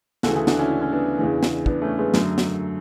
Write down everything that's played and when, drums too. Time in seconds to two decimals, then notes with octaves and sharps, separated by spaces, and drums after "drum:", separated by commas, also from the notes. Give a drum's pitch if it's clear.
0.23 D2 C#3 E3 F#4 A4, drum: snare
0.36 E4 G#4
0.47 D4 F#4, drum: snare
0.59 C#4 E4
0.71 D4
0.81 C#4
0.91 B3 D4
1.19 E2 C#3 E3
1.43 drum: snare
1.66 B3 D4, drum: kick
1.82 A3 C#4
1.98 G#3 B3
2.14 F#2 D3 F#3 A3, drum: snare
2.38 drum: snare